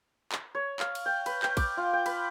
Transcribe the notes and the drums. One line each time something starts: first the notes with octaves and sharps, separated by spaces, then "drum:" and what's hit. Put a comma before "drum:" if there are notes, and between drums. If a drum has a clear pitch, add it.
drum: clap
C#5
F5, drum: clap
drum: cymbal
G5
B4, drum: cymbal
G5, drum: clap
D6, drum: kick, cymbal
F4
G5
B4, drum: cymbal